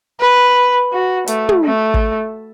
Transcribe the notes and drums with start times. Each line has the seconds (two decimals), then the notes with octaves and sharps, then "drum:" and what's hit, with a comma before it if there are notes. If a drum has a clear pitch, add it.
0.20 B4
0.92 F#4
1.27 A3, drum: hi-hat
1.49 drum: tom
1.64 A3
1.94 drum: kick